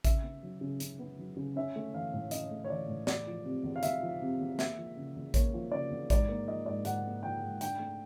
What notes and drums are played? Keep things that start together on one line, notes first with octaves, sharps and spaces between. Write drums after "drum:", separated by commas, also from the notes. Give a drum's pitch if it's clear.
C#3 E5, drum: kick A1, hi-hat
B3
F#3
C#3
C#3, drum: hi-hat
B3
F#3
C#3
C#4 E5
A3
E3 F5
A2
C#4 D#5, drum: hi-hat
A3
C#5
E3 D5
A2
E2 D5, drum: snare
F3
C3
E2
F5
E2 E5, drum: hi-hat
F3
C3
E2
A#3 E5, drum: snare
F3
C#3
E2
A#3 C#5, drum: kick A1, hi-hat
F3
C#3 D5
E2
G#2 D5, drum: kick A1, hi-hat
A#3
F3 D#5
G#2 D5
G#2 F#5, drum: hi-hat
A#3
F3 G5
G#2
D4 G5, drum: hi-hat
A3